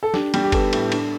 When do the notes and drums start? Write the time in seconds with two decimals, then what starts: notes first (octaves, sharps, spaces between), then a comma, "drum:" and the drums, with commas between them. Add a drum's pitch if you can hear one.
0.03 A4
0.14 D4 G4, drum: snare
0.34 G3, drum: cymbal
0.44 G4
0.52 B3 A4, drum: kick G1, cymbal
0.73 A2, drum: cymbal
0.92 D4, drum: cymbal